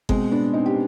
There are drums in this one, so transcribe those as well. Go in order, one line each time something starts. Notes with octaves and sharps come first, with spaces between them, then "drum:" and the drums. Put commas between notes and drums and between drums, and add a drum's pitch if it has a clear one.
B2 G#3 C4, drum: kick G1
B3 D4
C4 D#4
G4